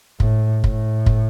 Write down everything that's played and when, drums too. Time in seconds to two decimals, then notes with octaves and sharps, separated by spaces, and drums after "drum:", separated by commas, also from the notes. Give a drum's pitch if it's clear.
0.20 A2, drum: kick
0.64 A2, drum: kick
1.06 drum: kick